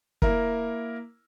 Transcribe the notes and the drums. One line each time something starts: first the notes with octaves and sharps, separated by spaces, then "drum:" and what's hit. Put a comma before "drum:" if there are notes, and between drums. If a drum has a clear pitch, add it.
A#3 E4 A#4, drum: kick